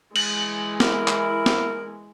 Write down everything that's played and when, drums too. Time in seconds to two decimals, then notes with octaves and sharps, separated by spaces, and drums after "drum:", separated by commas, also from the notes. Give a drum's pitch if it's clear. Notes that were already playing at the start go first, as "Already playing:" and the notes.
0.16 E3 G#3 F#7, drum: cymbal
0.80 E4 A#4, drum: snare
1.08 drum: clap
1.46 drum: snare